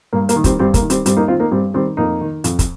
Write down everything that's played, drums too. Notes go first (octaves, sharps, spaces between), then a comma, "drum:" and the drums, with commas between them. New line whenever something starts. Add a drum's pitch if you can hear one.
G2 A#3
A#3, drum: hi-hat
D#3
G3 C4, drum: kick, hi-hat
G2 G3 C4
A#3, drum: kick, hi-hat
D#3
G3 C4, drum: hi-hat
G2 G3 C4, drum: hi-hat
A#3 D#4
D#3 C4 F4
A#3 D#4
G2 G3 C4
D#3 G3 C4
F2 A#3 D#4
D#3
F2, drum: hi-hat
drum: kick, hi-hat